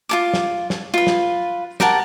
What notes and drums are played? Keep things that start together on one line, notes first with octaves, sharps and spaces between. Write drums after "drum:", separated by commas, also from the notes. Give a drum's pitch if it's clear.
F4 A4 D6
drum: snare
drum: snare
F4 B4
drum: snare
G4 A#4 F#5 A5, drum: snare